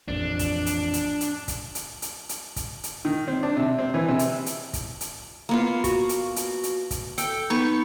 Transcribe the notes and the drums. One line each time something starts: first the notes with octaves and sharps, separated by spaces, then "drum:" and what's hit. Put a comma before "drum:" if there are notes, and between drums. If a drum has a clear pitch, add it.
A1 F2 A#2 D4
drum: kick, hi-hat
drum: hi-hat
drum: hi-hat
drum: hi-hat
drum: kick, hi-hat
drum: hi-hat
drum: hi-hat
drum: hi-hat
drum: kick, hi-hat
drum: hi-hat
D#3
C4
D4
C3
C4
E3
C3
drum: hi-hat
drum: hi-hat
drum: kick, hi-hat
drum: hi-hat
A#3 B3 F4
F#4, drum: kick, hi-hat
drum: hi-hat
drum: hi-hat
drum: hi-hat
drum: kick, hi-hat
A4 G5, drum: hi-hat
B3 D#4 C#6